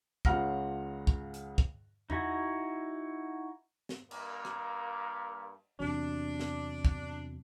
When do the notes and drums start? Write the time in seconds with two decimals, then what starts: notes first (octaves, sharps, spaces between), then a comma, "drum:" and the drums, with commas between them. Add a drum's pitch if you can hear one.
0.25 C#2 C#3 F4 F#5 F6 A#6, drum: kick
1.07 drum: kick
1.34 drum: hi-hat
1.58 drum: kick
2.10 D#4 E4 F#4 G#5, drum: tom E2
3.89 drum: snare
4.11 G2 A#3, drum: cymbal
4.45 drum: rim click
5.80 E2 C3 F#3 D4
6.40 drum: snare
6.85 drum: kick